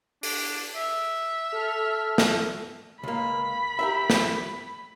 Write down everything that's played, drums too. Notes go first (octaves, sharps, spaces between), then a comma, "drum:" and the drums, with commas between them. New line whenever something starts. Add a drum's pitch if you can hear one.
D4, drum: open hi-hat
E5
A4 F6
drum: snare
C#2 A#3 B5
G4 A#4 E5
drum: snare